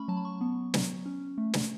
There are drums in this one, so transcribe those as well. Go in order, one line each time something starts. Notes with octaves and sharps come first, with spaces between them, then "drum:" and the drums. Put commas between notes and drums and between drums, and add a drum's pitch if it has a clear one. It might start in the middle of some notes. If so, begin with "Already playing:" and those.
Already playing: A3 C#4 B5 C#6
F#3 A5
B5
C#6
B3
F#3, drum: snare
C#4
A3
drum: snare